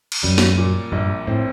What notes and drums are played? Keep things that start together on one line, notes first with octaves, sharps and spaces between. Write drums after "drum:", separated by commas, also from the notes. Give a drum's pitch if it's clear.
drum: cymbal
F#2 G3
drum: snare
A#2
A#1 G2
A2 C4